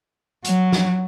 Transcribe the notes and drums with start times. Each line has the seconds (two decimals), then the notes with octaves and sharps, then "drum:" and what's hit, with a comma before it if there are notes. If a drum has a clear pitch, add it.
0.45 F#3, drum: hi-hat
0.72 drum: snare